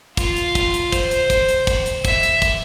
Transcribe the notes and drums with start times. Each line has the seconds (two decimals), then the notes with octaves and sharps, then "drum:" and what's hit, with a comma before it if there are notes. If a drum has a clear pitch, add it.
0.17 F4, drum: kick, hi-hat
0.37 drum: hi-hat
0.55 drum: kick, hi-hat
0.74 drum: hi-hat
0.92 C5, drum: kick, hi-hat
1.11 drum: hi-hat
1.30 drum: kick, hi-hat
1.49 drum: hi-hat
1.67 drum: kick, hi-hat
1.86 drum: hi-hat
2.05 E5, drum: kick, hi-hat
2.23 drum: hi-hat
2.42 drum: kick, hi-hat